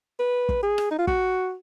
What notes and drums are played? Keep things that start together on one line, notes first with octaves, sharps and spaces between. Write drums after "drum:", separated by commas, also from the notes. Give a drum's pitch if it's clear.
B4
drum: kick
G#4
drum: rim click
D#4
F4
F#4, drum: kick